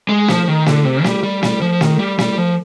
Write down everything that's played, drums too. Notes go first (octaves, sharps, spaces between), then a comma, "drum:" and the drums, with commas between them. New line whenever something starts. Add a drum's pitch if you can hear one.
G#3
F3, drum: snare
D#3
D3, drum: snare
C3
G3, drum: snare
G3
G3, drum: snare
F3
D#3, drum: snare
G3
G3, drum: snare
F3